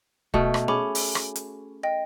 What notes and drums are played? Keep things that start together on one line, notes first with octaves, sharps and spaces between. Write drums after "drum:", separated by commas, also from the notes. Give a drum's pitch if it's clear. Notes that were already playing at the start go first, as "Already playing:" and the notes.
B2 A3, drum: kick
drum: rim click
C#4 G#4 B5 D6
drum: open hi-hat
drum: rim click
drum: hi-hat
D#5 G5